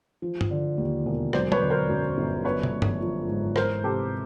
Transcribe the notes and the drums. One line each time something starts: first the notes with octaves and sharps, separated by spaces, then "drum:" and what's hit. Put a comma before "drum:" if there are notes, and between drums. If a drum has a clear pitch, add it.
F3
drum: tom G2
D3
D#2
E1
F#3 C5 D5, drum: rim click
B4 C#5, drum: tom
D3
A#4 C5
F#2
G1
D4 B4 C#5
drum: tom
A3
drum: tom G2
F3
G#2
E3 A#4 C5, drum: rim click
C3 G4 A4